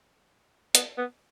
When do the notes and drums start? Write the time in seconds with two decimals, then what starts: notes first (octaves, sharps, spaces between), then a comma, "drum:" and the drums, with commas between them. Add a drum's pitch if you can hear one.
0.75 B3, drum: hi-hat
0.98 B3